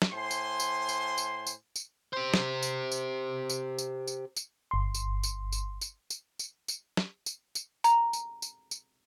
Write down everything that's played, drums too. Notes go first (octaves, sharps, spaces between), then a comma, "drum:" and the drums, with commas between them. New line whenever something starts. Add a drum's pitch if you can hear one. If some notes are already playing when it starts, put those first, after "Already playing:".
drum: snare
A2 C5 G#5 C6
drum: tambourine
drum: tambourine
drum: tambourine
drum: tambourine
drum: tambourine
drum: tambourine
G4 C5
drum: snare
drum: tambourine
drum: tambourine
drum: tambourine
drum: tambourine
drum: tambourine
drum: tambourine
G1 C6
drum: tambourine
drum: tambourine
drum: tambourine
drum: tambourine
drum: tambourine
drum: tambourine
drum: tambourine
drum: snare
drum: tambourine
drum: tambourine
A#5, drum: tambourine
drum: tambourine
drum: tambourine
drum: tambourine